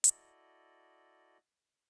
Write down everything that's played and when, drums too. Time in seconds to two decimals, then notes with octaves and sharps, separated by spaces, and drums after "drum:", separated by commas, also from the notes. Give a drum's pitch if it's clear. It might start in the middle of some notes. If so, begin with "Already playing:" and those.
0.04 E4 F#4 A4 D5 D#5, drum: hi-hat